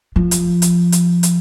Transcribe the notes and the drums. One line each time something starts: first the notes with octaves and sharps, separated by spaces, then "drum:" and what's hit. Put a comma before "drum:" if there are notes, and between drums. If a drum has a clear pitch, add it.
F3
drum: hi-hat
drum: hi-hat
drum: hi-hat
drum: hi-hat